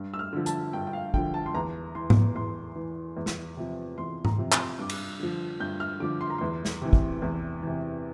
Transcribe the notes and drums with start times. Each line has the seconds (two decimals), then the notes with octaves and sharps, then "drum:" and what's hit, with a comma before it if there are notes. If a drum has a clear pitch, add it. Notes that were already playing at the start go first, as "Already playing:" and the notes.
Already playing: G2
0.14 E6
0.19 F6
0.33 D3 F3
0.46 A5, drum: hi-hat
0.73 G2 G5
0.87 G5
0.93 F5
1.14 D3 F3 G5, drum: kick
1.34 A5
1.46 C6
1.54 E2 A#5
1.95 E3 C6
2.10 drum: tom G#2
2.35 E2 C6
2.75 E3
3.17 E2
3.26 drum: snare
3.57 C3 F3
3.98 E2 C6
4.25 A#5, drum: tom G#2
4.38 C3 F3
4.52 C6, drum: clap
4.79 G2 D6
4.90 drum: cymbal
5.20 D3 F3
5.60 G2 G6
5.80 F6
6.00 D3 F3 D6
6.21 C6
6.30 A#5
6.38 E2 C6
6.65 drum: snare
6.81 C3 E3
6.93 drum: kick
7.22 E2
7.62 C3 E3